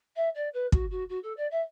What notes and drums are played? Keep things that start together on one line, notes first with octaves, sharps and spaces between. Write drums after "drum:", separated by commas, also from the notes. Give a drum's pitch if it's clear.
E5
D5
B4
F#4, drum: kick
F#4
F#4
A4
D5
E5